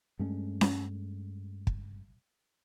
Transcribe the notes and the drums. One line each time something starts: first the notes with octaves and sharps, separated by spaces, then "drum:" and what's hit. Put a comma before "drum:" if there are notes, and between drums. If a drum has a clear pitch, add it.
G2 G#3 A3 C#4
drum: snare C#4
drum: kick